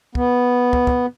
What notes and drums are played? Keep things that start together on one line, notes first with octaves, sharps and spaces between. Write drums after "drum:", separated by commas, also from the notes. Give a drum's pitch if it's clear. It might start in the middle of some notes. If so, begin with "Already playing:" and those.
B3, drum: kick
drum: kick
drum: kick